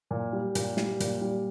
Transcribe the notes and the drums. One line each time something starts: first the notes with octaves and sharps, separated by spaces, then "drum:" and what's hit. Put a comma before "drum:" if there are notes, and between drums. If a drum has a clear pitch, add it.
A#2
G3
A#2, drum: hi-hat
G3, drum: snare
A#2, drum: hi-hat
G3